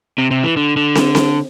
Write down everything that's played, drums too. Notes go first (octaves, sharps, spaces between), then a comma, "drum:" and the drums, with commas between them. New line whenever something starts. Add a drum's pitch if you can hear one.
C3
C3
E3
D3
D3
drum: snare
drum: snare